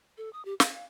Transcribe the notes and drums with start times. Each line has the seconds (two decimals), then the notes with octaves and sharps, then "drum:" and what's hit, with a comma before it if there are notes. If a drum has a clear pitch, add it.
0.18 A4
0.33 D#6
0.45 G4
0.60 F5, drum: snare
0.74 F5